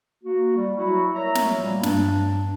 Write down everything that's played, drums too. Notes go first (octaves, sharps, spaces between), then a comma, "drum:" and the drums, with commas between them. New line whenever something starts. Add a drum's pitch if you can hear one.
A#3 F#4
G3
F#3 E4 F#4
A#4 C#5 E5 A#5
drum: snare
A#2 G3 A#3
G2 D4, drum: snare